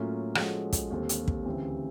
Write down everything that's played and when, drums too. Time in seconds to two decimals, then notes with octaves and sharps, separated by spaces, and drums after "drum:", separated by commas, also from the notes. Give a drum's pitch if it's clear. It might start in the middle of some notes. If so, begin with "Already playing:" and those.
Already playing: A2 F#3 A#3 C#4 F4
0.35 F3 G#3 C#4 F#4 A4, drum: rim click
0.73 drum: kick, hi-hat
0.91 D#2 D3 G3 C4
1.09 drum: hi-hat
1.28 drum: kick
1.46 D2 C#3 E3 G3 C4